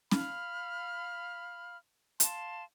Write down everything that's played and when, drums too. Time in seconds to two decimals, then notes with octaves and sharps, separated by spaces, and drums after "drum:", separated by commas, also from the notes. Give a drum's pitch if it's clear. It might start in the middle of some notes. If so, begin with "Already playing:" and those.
0.11 F5 B5 F6, drum: snare C#4
2.20 F5 A5 C6, drum: hi-hat